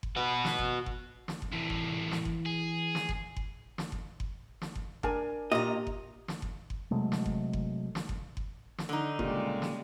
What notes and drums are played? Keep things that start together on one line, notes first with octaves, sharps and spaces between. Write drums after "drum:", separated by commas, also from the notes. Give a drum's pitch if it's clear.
drum: kick F#1
F#4 B4
drum: snare
drum: kick F#1
drum: kick F#1
drum: snare
drum: kick F#1
C2 A2 E3
drum: kick F#1
drum: snare
drum: kick F#1
G#4
drum: snare
drum: kick F#1
drum: kick F#1
drum: snare
drum: kick F#1
drum: kick F#1
drum: snare
drum: kick F#1
D4 A#4 G#5, drum: kick F#1
A#2 G4 D#5 A#5
drum: kick F#1
drum: snare
drum: kick F#1
drum: kick F#1
C3 F#3 G#3 A3
drum: snare
drum: kick F#1
drum: kick F#1
drum: snare
drum: kick F#1
drum: kick F#1
drum: snare
D3 D#4
A#2 C#3 G3 G#3, drum: kick F#1
drum: snare